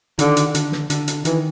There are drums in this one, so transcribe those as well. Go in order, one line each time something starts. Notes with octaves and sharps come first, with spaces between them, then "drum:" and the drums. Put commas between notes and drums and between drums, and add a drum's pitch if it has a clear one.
D3 D#3, drum: hi-hat
drum: hi-hat
D3, drum: hi-hat
drum: snare
D3, drum: hi-hat
drum: hi-hat
D#3 E3, drum: hi-hat